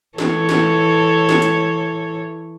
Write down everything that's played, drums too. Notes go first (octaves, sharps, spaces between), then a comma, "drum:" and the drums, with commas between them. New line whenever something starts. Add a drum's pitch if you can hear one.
E3 A4 C#5, drum: snare
drum: snare
drum: snare
drum: hi-hat